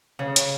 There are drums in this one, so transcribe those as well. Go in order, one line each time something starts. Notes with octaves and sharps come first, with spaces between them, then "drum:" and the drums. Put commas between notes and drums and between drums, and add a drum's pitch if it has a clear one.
C#3
drum: hi-hat